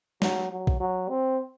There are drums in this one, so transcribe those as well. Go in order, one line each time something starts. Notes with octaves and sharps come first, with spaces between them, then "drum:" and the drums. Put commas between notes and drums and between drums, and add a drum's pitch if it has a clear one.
F#3, drum: snare
F#3
drum: kick A#1
F#3
C4